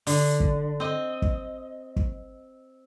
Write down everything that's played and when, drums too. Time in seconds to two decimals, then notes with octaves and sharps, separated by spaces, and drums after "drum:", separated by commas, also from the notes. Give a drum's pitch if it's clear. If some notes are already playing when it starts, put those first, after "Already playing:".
0.07 D3, drum: open hi-hat
0.40 drum: kick
0.80 C4 D#5
1.22 drum: kick
1.96 drum: kick